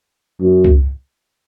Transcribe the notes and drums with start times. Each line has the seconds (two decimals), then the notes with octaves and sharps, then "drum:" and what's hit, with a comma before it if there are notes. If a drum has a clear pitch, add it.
0.40 F#2
0.64 drum: kick